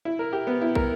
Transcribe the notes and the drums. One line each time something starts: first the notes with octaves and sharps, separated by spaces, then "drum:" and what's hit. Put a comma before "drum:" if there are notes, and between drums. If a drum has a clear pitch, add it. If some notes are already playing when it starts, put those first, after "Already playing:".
E4
A#4
G4
B3
E4
A#4, drum: kick